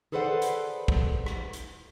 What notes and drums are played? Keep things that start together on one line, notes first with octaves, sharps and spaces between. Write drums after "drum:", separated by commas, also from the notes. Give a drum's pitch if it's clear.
G#4 A4 B4 C5 D5 F#5
drum: hi-hat
drum: kick
drum: rim click
drum: hi-hat